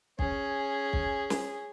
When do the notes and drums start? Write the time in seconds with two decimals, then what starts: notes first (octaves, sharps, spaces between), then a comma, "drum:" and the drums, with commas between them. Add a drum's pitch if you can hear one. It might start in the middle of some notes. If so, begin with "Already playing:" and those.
0.19 C#4 G#4, drum: kick
0.93 drum: kick
1.30 drum: snare